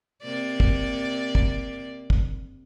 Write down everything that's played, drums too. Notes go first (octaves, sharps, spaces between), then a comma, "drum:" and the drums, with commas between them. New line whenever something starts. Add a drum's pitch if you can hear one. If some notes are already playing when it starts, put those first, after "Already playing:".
C3 A#3 D5
drum: kick
drum: kick
drum: kick